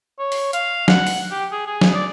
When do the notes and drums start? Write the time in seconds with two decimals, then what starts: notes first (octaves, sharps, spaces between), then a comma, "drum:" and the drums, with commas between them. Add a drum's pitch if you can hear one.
0.19 C#5
0.32 drum: open hi-hat
0.53 F5, drum: hi-hat
0.88 F#5, drum: snare
1.07 drum: open hi-hat
1.31 G4
1.52 G#4
1.66 G#4
1.81 drum: snare
1.95 D5